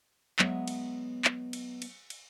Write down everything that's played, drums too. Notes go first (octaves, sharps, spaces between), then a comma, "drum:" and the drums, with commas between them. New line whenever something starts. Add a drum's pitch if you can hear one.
F#3 G#3 B3 C#5 D#5 E5, drum: clap
drum: cymbal
drum: clap
drum: cymbal
drum: cymbal
drum: cymbal